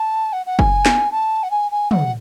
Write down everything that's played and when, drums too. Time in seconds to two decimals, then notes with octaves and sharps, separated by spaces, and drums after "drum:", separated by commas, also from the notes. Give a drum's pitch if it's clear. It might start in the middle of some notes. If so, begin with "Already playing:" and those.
Already playing: A5
0.33 F#5
0.46 F#5
0.59 G#5, drum: kick F#1
0.86 drum: snare
1.11 A5
1.43 F#5
1.51 G#5
1.71 G#5
1.91 F#5, drum: tom